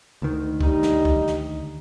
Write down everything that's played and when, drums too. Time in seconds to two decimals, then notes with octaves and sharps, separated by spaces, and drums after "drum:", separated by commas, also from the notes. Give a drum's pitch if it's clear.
0.22 D2 D#3
0.61 G3 D#4, drum: kick C#2
0.83 drum: snare
1.05 drum: kick C#2
1.28 drum: snare